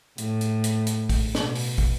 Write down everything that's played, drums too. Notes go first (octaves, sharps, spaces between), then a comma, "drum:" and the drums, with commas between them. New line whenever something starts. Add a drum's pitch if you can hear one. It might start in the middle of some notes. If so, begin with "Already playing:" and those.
A2, drum: hi-hat
drum: hi-hat
drum: hi-hat
drum: hi-hat
drum: kick, open hi-hat
B2, drum: snare
drum: open hi-hat
drum: kick